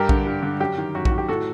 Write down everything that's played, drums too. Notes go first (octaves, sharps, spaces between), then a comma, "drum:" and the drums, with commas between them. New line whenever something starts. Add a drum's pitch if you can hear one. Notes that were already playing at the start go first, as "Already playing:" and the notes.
Already playing: G2 G4 A#4
D3, drum: kick A#1
G2
D3
F#2 G4
D#3
F#2 F#4
F#4, drum: kick A#1
D#3
G4
A2 F#4 A4